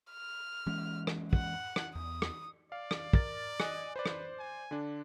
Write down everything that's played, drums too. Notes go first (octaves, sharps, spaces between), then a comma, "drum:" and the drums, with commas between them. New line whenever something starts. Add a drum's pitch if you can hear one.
F6
E3 G#3 C#4
drum: rim click
F#5, drum: kick
drum: rim click
E2 D#6
drum: rim click
D5 F5
drum: rim click
A#4 A6, drum: kick
D#5 G#5 F#6, drum: rim click
B4 C5 D5
drum: rim click
G#5
D3 D4